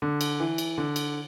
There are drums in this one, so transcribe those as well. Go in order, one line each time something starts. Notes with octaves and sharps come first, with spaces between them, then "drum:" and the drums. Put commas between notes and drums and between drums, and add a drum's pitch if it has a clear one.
D3
drum: cymbal
E3
drum: cymbal
D3
drum: cymbal